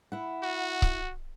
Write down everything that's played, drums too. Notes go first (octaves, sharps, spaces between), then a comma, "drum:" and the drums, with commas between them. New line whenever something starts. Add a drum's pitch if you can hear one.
E4 F#5
F#4
drum: kick C#1